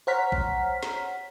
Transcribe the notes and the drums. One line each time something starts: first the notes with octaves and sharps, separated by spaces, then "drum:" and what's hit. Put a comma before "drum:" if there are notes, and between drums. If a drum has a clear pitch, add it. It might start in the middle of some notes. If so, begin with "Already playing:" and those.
C5 C#5 F#5 A#5 F6 B6
drum: kick A#1
drum: snare